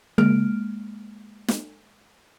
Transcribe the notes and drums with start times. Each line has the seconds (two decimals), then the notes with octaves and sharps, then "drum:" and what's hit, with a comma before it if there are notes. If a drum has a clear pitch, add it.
0.18 G#3 A#3 F6 D7, drum: tom C#3
1.48 drum: snare